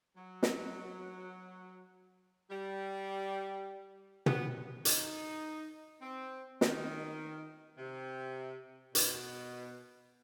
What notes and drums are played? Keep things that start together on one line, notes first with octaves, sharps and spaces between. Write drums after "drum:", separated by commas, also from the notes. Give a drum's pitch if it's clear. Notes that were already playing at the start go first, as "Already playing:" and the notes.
F#3
drum: snare
G3
B3, drum: tom
D#4, drum: hi-hat
C4
D#3, drum: snare
C3
B2, drum: hi-hat